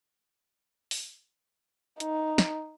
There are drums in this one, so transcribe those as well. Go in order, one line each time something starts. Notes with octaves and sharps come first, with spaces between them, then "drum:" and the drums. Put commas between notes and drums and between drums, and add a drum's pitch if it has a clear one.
drum: open hi-hat
D#4, drum: hi-hat
drum: snare